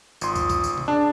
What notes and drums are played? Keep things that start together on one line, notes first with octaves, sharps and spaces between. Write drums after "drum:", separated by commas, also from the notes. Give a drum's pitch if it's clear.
G#1 F4 C6 D#6, drum: tambourine
drum: kick, tambourine
drum: kick, tambourine
drum: tambourine
drum: tom
D4 G#4 D5 A5